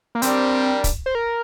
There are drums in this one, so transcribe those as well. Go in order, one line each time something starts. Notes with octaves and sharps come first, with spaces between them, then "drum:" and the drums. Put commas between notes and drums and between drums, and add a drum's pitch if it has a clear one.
A#3
G3 C4 D4 G4 A#4, drum: hi-hat
drum: kick, hi-hat
C5
A#4